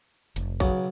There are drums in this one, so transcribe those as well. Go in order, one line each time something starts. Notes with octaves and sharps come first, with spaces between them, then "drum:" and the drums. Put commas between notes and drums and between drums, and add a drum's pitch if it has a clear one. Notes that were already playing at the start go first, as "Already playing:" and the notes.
F1, drum: hi-hat
B1 C#3 F#3, drum: kick A#1, hi-hat